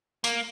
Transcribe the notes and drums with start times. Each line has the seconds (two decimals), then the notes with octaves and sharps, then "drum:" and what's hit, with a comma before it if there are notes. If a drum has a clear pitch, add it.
0.24 A#3, drum: tambourine